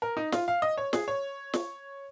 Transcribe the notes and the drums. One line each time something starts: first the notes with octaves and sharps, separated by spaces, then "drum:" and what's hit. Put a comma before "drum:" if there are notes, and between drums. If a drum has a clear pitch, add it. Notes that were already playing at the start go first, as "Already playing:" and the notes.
A#4
D#4
F4, drum: snare
F5
D#5
C#5
G#4, drum: snare
C#5
drum: snare